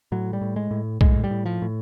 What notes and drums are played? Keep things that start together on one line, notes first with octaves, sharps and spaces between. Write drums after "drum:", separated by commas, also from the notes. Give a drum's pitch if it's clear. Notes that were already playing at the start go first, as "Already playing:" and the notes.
A2 F#3
G3
A2
G#3
A2
A2 G#3, drum: kick
G3
A2
F3
A2